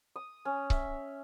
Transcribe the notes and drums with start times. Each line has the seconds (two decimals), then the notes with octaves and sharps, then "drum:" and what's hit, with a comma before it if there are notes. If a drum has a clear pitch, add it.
0.16 D#6
0.45 C#4
0.70 E5, drum: kick C#1